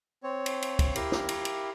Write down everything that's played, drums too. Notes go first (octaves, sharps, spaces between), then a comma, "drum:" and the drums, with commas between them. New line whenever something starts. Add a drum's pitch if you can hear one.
C4 C#5
drum: cymbal
drum: cymbal
drum: kick, cymbal
E4 G4 A#4, drum: cymbal
drum: snare
drum: cymbal
drum: cymbal